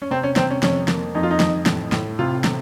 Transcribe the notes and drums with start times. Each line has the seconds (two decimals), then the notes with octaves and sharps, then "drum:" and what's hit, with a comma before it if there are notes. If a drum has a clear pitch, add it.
0.02 C#4
0.11 C3 C4
0.23 C#4
0.36 C3 C4, drum: snare
0.50 C#4
0.63 F2 C#4, drum: snare
0.88 A#3, drum: snare
1.15 F2 D#4
1.23 F4
1.31 D#4
1.40 F2, drum: snare
1.66 A2, drum: snare
1.92 A2, drum: snare
2.19 C3 F4
2.44 C3, drum: snare